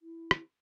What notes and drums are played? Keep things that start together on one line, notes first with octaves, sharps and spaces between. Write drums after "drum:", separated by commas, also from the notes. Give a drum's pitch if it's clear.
E4
drum: rim click